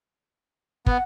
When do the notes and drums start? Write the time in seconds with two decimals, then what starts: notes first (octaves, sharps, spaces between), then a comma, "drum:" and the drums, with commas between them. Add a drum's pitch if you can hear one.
0.86 B3 F#5, drum: kick